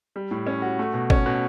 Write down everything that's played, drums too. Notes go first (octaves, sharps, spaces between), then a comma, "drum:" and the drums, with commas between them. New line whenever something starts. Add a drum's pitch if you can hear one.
G3
A2
C#4
F#4
A3
B2
C#4, drum: kick G#1
B2